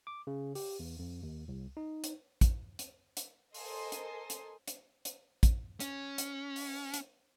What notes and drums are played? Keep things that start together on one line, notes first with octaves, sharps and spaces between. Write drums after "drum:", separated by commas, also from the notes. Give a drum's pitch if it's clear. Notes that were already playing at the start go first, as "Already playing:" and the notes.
D6
C#3
G4, drum: open hi-hat
E2
F2
D#2
C2
D#4
drum: hi-hat
drum: kick, hi-hat
drum: hi-hat
drum: hi-hat
A4 A#4 C5 D#5 G#5 C6, drum: open hi-hat
drum: hi-hat
drum: hi-hat
drum: hi-hat
drum: hi-hat
drum: kick, hi-hat
C#4, drum: hi-hat
drum: hi-hat
drum: open hi-hat
drum: hi-hat